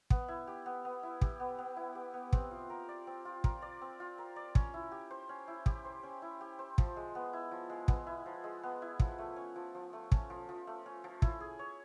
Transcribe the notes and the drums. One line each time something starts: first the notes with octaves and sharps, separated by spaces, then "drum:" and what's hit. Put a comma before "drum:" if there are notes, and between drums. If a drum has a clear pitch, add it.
B3, drum: kick
E4
G4
B3
B3
E4
G4, drum: kick
B3
B3
E4
G4
B3
C4, drum: kick
F4
A#4
D5
C4
F4
A#4, drum: kick
D5
C4
F4
A#4
D5
C#4, drum: kick
E4
G4
C5
C#4
E4
G4, drum: kick
C5
C#4
E4
G4
C5
F3, drum: kick
G#3
B3
E4
F3
G#3
B3, drum: kick
E4
F3
G#3
B3
E4
F3, drum: kick
A3
C#4
F3
F3
A3
C#4, drum: kick
F3
F3
A3
C#4
F3
E4, drum: kick
G#4
C#5